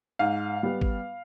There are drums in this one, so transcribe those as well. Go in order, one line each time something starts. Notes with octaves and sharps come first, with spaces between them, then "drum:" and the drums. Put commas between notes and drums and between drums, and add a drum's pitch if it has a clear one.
G#2 F5
G3 B3
drum: kick